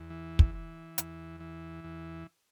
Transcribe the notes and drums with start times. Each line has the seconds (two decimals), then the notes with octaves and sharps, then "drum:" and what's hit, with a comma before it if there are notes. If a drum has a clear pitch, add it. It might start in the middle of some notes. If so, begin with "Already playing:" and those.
Already playing: E2
0.10 E3
0.39 drum: kick
0.55 E3
0.98 E2, drum: hi-hat
1.40 E3
1.84 E2